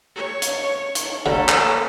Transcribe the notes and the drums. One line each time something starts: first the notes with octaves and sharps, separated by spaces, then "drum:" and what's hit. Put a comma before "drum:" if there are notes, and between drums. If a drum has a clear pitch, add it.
C#5
drum: hi-hat
drum: hi-hat
D2 D3 A#3 C#4 A4 B4
drum: clap